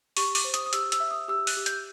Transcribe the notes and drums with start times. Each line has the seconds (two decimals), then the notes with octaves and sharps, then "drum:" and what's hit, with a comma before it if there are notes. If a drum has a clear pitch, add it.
0.17 G4 C#6, drum: open hi-hat
0.35 D6, drum: open hi-hat
0.44 C5
0.54 D#6, drum: hi-hat
0.66 D#6
0.73 G4 E6, drum: hi-hat
0.92 E6, drum: hi-hat
1.00 E5
1.11 D#6
1.28 G4 E6
1.47 F#6, drum: open hi-hat
1.57 G4
1.66 G6, drum: hi-hat